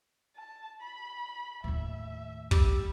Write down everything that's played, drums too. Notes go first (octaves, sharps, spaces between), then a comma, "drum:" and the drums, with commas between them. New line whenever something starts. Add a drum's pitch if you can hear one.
A5
B5
D#2 A2 E5
G3 E6, drum: kick